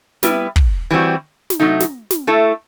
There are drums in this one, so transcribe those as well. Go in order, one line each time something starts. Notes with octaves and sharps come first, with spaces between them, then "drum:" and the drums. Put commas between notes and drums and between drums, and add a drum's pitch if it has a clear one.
G3 B3 E4 B4, drum: snare
drum: kick
E3 G3 C4 F#4
drum: snare
C3 F#3 A3 D#4
drum: snare
drum: snare
A3 E4 A4